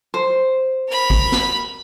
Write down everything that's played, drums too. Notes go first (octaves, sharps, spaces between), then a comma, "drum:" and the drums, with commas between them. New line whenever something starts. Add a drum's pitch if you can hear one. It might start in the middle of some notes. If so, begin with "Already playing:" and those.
C5
A#4 B5
drum: kick
drum: snare